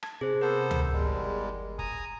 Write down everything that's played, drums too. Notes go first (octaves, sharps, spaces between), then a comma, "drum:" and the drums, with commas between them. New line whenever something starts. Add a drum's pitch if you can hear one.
A5 G#6, drum: rim click
C3 G#4 C5
B3 A4 A#4 C5
drum: tom C#2
G1 E2 G3 G#3
G#5 A#5 D#6, drum: kick